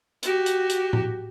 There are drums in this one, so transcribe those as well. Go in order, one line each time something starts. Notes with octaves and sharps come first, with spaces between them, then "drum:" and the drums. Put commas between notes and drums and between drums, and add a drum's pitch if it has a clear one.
F#4 G4, drum: hi-hat
drum: hi-hat
drum: hi-hat
drum: tom A2